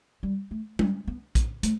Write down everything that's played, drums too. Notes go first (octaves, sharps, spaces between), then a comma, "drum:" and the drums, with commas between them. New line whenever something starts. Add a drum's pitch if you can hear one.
G3
A3
G3, drum: tom
B3
B3, drum: kick, hi-hat
A3, drum: hi-hat